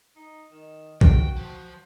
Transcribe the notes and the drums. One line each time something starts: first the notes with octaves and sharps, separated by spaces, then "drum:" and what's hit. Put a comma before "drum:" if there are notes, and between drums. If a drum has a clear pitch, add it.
D#4
D#3
F#4 G5, drum: kick
F3